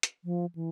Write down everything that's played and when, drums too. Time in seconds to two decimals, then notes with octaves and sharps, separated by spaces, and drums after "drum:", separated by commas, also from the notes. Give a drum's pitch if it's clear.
0.03 drum: hi-hat
0.24 F3
0.55 E3